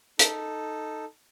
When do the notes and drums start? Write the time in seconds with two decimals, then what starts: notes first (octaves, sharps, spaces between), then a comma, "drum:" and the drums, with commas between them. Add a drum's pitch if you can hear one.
0.19 D#4 A4, drum: hi-hat